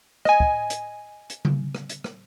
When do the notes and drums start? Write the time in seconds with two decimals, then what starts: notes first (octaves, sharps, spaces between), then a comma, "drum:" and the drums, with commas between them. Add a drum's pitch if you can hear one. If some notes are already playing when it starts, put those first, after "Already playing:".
0.25 D#5 G#5, drum: rim click
0.40 drum: kick
0.70 drum: hi-hat
1.30 drum: hi-hat
1.45 drum: tom C#3
1.75 drum: rim click
1.89 drum: hi-hat
2.04 drum: rim click